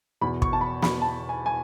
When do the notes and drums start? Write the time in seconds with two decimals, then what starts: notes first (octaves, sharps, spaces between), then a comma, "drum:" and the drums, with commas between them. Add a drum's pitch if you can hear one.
0.21 E2 B2 B5
0.42 C#6, drum: kick
0.53 A5
0.61 B5
0.82 B5, drum: snare
1.02 A5
1.29 G#5
1.46 G#5